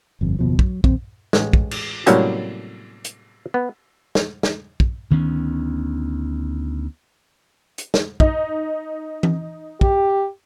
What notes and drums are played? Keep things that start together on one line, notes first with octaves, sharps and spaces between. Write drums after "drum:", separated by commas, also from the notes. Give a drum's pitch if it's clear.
G1 F2
F#1 D#2 B2 F3
F#3, drum: kick
A#1 D#2 C4, drum: kick
A1 G#3, drum: snare
drum: kick
drum: cymbal
A2 C3 F#3 G3 A#3 C#4, drum: hi-hat
drum: hi-hat
B3
drum: snare
drum: snare
drum: kick
D2 D#3 B3 C#4
drum: hi-hat
drum: snare
D#4 D#5, drum: kick
drum: tom E3
G4, drum: kick